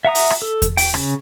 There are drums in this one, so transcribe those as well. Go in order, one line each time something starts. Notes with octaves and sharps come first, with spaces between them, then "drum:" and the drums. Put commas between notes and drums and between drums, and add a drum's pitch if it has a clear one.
E5 F#5 A#5 D#6
drum: open hi-hat
drum: rim click
A4
drum: kick E2, hi-hat
G5, drum: open hi-hat
C#3, drum: rim click